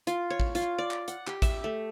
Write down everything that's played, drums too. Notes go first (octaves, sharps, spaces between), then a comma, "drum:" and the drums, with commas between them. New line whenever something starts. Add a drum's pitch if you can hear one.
F4, drum: hi-hat
C#5
drum: kick A1
F4, drum: hi-hat
D5
drum: clap
F#5, drum: hi-hat
G4, drum: clap
E5, drum: kick A1, hi-hat
A3